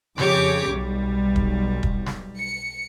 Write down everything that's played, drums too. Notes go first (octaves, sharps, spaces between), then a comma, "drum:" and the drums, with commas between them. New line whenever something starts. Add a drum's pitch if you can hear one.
F2 C#3 G4 C#5 D6, drum: snare
B1 G3
drum: kick
drum: kick
drum: snare
C#7